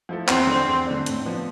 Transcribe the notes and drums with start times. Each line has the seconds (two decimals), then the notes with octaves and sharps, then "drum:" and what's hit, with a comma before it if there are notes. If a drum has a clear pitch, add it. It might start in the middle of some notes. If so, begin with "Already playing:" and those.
0.09 F3 A3 E4 A4
0.28 E2 C4, drum: clap
0.47 D3 A3 D4
0.68 E2
0.87 D3 A3 D4
1.06 A2, drum: hi-hat
1.25 F3 B3 D4